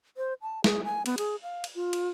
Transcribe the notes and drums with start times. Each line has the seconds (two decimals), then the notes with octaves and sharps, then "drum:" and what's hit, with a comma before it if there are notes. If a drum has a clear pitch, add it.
0.17 C5
0.42 A5
0.64 G#4, drum: snare
0.84 G#5
1.06 B3, drum: cymbal
1.18 G#4, drum: cymbal
1.43 F5
1.64 drum: cymbal
1.75 F4
1.93 drum: cymbal